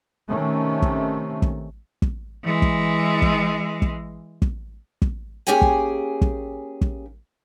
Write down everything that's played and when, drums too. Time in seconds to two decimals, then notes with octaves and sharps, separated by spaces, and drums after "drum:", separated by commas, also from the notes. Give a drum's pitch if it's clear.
0.28 C3 D#3 A3 C#4
0.82 drum: kick
1.42 drum: kick
2.02 drum: kick
2.44 E3 G#3
2.62 drum: kick
3.22 drum: kick
3.82 drum: kick
4.42 drum: kick
5.02 drum: kick
5.47 A#3 C#4 G4 G#4 G5 G#5
5.62 drum: kick
6.21 drum: kick
6.81 drum: kick